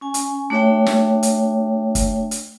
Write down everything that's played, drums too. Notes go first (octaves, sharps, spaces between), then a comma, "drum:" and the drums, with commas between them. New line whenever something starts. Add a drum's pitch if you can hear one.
C#4 G#5
drum: hi-hat
A3 D4 F#4 C#5 E5 G5
drum: snare
drum: hi-hat
drum: kick, hi-hat
drum: hi-hat